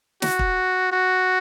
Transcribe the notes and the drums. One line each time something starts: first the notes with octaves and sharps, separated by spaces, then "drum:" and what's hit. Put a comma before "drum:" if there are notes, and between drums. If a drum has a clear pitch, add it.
F#4, drum: snare
drum: kick
F#4